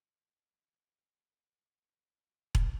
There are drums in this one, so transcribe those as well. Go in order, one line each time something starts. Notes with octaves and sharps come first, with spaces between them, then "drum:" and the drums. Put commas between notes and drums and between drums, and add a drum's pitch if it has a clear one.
A2 C#3 G#3 A3
C4 D#4 F#4 G4 A#4 D#5
G3 G#3 A4 A#4 D#5
G#4 A#4 C#5 D5 G5 D6
drum: kick E1